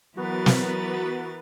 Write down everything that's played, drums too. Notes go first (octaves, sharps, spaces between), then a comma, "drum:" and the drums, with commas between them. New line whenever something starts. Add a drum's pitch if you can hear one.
E3 F#3 B3 F#4 A#4 B4 A6
drum: snare